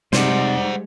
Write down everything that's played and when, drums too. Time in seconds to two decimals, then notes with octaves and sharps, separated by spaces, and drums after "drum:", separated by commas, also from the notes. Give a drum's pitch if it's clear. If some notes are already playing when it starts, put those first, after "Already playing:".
0.13 C3 G3 G#3 D#4 C5 D5 F#5, drum: snare